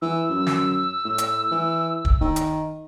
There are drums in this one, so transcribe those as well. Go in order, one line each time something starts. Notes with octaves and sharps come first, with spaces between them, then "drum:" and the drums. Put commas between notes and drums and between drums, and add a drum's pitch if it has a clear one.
E3 E6
F#2
drum: snare
A2
drum: hi-hat
E3
drum: kick
D#3
drum: hi-hat